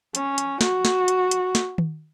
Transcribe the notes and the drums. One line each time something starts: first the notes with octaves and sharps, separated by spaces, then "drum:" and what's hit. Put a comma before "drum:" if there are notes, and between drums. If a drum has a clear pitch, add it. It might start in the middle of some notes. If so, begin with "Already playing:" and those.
C#4, drum: hi-hat
drum: hi-hat
F#4, drum: snare
drum: snare
drum: hi-hat
drum: hi-hat
drum: snare
drum: tom D#3